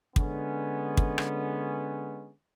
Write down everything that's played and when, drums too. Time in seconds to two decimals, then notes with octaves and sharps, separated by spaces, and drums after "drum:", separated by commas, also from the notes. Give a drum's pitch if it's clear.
0.16 D3 G#3 B3 C#4, drum: kick
0.97 drum: kick
1.18 drum: rim click